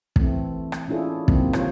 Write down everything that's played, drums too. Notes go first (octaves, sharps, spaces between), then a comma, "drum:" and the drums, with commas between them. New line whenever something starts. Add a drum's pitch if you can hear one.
E3 A3 C4, drum: kick
drum: rim click
C#4 D4 E4 F4 G#4 A4
C3 D#3 F#3 A#3 C4, drum: kick
F4 C5 C#5, drum: rim click